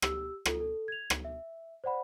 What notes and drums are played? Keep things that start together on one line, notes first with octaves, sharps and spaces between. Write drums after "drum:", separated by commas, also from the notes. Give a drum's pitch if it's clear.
G4 E6, drum: rim click
F4 A4, drum: rim click
A4
G#6 F7
drum: rim click
E5
C5 D5 F#5 B5